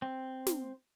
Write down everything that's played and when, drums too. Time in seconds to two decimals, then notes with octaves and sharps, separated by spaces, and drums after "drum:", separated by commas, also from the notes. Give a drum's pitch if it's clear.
0.02 C4
0.47 drum: snare